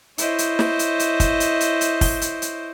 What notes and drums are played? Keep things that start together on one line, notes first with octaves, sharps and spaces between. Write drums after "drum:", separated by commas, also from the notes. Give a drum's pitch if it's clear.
E4 C5 C#5 D#5, drum: hi-hat
drum: hi-hat
drum: snare
drum: hi-hat
drum: hi-hat
drum: kick, hi-hat
drum: hi-hat
drum: hi-hat
drum: hi-hat
drum: kick, open hi-hat
drum: hi-hat
drum: hi-hat